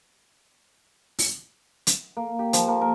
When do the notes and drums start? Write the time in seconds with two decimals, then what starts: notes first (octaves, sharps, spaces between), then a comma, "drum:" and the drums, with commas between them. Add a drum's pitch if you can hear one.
1.19 drum: open hi-hat
1.87 drum: hi-hat
2.17 A#3
2.39 G4
2.53 F3, drum: hi-hat
2.68 A#3
2.81 A#4